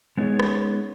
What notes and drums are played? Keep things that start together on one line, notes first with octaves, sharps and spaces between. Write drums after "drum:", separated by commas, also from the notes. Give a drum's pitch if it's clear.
G#3 B3 C#4 D#4 G#4 C#5
drum: rim click